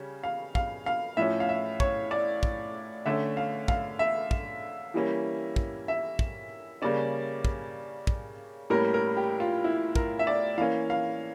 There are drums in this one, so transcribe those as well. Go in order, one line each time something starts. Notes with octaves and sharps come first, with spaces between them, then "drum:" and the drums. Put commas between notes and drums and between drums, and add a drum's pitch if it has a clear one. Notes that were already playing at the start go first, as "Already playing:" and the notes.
Already playing: C#3 G3 C#4
F5
F5, drum: kick
F5
A2 F3 C#4 E5
F5
E5
C#5, drum: kick
D5
drum: kick
D3 A3 C#4 E5
F5
F5, drum: kick
E5
drum: kick
E3 G3 A#3 C#4
drum: kick
E5
drum: kick
C#3 G3 A#3 C#4 D5
drum: kick
drum: kick
A2 G3 A#3 C#4 A#4
A#4
G4
F4
E4
A#4, drum: kick
E5
D5
E3 A#3 C#4 F5
F5